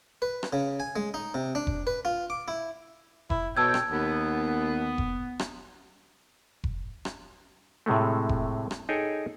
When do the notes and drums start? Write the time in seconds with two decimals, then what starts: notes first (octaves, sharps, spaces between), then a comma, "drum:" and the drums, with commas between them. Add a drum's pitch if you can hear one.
0.22 B4
0.43 drum: rim click
0.53 C#3
0.80 G#5
0.96 G#3
1.14 D#4
1.34 C3
1.55 D4
1.67 drum: kick F1
1.87 B4
2.05 F4
2.30 D6
2.48 E4
3.30 E4, drum: kick F1
3.57 B2 A4 C#5 G5 A5 E6 G#6
3.74 drum: rim click
3.91 D#2 B3
4.98 drum: kick F1
5.39 drum: rim click
6.64 drum: kick F1
7.05 drum: rim click
7.86 A2 C3 G#3 A3
8.29 drum: kick F1
8.71 drum: rim click
8.89 D#4 G#4 A4 C#5 G5 G#5